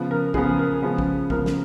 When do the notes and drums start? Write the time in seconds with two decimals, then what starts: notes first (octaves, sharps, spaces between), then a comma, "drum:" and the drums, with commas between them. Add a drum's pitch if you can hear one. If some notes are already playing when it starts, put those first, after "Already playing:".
Already playing: C#3 F3 B3
0.11 A#4
0.34 C#3 F3 B3 G#4, drum: kick
0.59 A#4
0.83 C#3 F3 G#3 B3
0.98 drum: kick
1.30 C#3 F3 G#3 B3 A#4, drum: kick
1.46 drum: snare